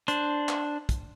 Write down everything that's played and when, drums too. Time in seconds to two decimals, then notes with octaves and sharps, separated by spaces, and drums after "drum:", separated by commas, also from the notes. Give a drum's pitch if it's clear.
0.08 D4 C5, drum: hi-hat
0.48 drum: clap
0.89 drum: kick, hi-hat